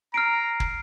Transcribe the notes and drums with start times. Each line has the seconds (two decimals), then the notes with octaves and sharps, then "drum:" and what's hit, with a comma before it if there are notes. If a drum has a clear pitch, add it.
0.14 A#5 F6 C7 D7
0.60 drum: kick